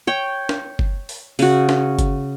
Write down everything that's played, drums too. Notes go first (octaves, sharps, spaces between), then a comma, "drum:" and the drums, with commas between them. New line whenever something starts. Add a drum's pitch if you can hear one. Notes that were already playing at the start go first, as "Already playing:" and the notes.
C#5 G5
drum: snare
drum: kick F#1
drum: open hi-hat
C#3 F#4, drum: open hi-hat
drum: snare
drum: kick F#1, hi-hat